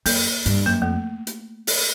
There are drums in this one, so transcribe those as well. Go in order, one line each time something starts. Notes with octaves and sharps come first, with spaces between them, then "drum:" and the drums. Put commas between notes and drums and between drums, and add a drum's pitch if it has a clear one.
F#2 A#3, drum: open hi-hat
G2, drum: hi-hat
F#2 A#3
F2 A3
drum: hi-hat
drum: open hi-hat